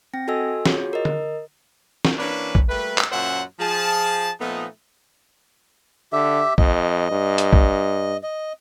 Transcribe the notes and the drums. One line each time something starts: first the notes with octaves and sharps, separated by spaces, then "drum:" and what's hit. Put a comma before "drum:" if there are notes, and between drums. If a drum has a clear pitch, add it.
C4 G5 A#6
F#4 A4 D#5 G#5 E6
F4 F#4 G#4 C#5, drum: snare
A#4 D#5
drum: tom
drum: snare
E3 A#3 C#4 D4 B4
drum: kick
G3 A3 A#3 B4
drum: clap
F#2 A#2 C#4 C5 E5 F#5
F3 G#4 A5
A#2 F3 A3 B3 D#4
D3 G4 E5
F2 D#5, drum: kick
G2
drum: hi-hat
drum: kick
D#5